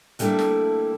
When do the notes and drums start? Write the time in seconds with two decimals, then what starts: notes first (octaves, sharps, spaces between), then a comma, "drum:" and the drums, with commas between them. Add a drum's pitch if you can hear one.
0.19 D3 G3 A3 A#3 E4, drum: hi-hat
0.39 drum: snare